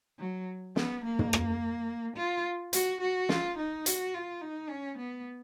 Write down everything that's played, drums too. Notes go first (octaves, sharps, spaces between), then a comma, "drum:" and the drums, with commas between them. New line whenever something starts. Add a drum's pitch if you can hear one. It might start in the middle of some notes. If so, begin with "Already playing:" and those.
F#3
B3, drum: snare
A#3
drum: tom
drum: rim click
F4
F#4, drum: hi-hat
F#4
F4, drum: snare
D#4
F#4, drum: hi-hat
F4
D#4
C#4
B3